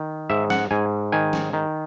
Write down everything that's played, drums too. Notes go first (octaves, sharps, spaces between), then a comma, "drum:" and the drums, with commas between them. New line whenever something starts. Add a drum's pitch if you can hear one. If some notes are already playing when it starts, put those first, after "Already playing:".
Already playing: D#3
G#2 E5
F#5, drum: snare
G#2 G#5
D#3 G#5
drum: snare
D#3